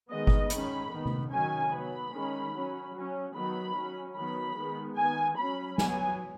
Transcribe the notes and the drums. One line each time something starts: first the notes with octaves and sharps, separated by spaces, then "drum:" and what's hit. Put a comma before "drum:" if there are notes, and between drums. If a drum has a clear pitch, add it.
D#3 G#3 B3 D#5
drum: kick G1
D#3 G#3 C#4 B5, drum: hi-hat
D#3 B3
drum: tom
D#3 F#3 C#4 G#5
F#3 B3 B5
D#3 G#3 C#4
F#3 C#4
F#3 C#4
D#3 F#3 B3 B5
F#3 C#4
D#3 F#3 B3 B5
D#3 G#3 B3
D#3 B3 G#5
F#3 C#4 B5
F#3 B3 G#5, drum: snare